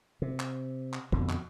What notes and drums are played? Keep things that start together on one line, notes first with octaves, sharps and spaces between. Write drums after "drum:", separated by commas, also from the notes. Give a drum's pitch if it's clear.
C3
drum: clap
drum: clap
F2 B2 D3, drum: kick
drum: clap